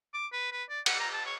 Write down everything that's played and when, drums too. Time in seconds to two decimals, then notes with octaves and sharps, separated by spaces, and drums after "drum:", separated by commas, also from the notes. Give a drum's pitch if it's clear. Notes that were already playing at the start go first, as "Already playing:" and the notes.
0.14 D6
0.33 B4
0.52 B4
0.70 D5
0.86 F#5, drum: cymbal
1.00 A#5
1.13 A5
1.26 C#5